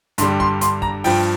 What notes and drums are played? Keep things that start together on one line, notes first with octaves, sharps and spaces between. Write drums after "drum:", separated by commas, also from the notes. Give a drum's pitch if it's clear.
G2 D3 G3 C6, drum: hi-hat
C6, drum: kick
C6, drum: hi-hat
A#5, drum: kick
G2 F3 G5, drum: open hi-hat